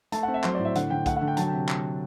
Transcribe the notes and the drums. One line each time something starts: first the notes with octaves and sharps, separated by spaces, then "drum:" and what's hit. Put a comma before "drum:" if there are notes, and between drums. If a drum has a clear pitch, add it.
A3 A5, drum: hi-hat
C4 F#5
E5
F#3 C5, drum: clap
A2 D5
E5
D3 F#5, drum: hi-hat
D3 G5
A3 F#5, drum: kick B1, hi-hat
D3 F#5
G5
F#3 A5, drum: hi-hat
G5
C3
drum: clap